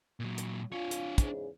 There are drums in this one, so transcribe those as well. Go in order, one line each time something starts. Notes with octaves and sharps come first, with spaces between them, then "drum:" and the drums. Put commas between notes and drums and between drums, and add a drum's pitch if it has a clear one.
A#2 F#3
drum: hi-hat
D4 F4 C#5
drum: hi-hat
E2 G#2 C#3, drum: kick, hi-hat